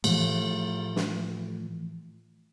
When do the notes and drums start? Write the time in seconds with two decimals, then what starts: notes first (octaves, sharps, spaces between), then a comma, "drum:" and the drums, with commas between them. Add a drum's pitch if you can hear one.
0.04 A2 E3 F3 A3, drum: cymbal
0.96 drum: snare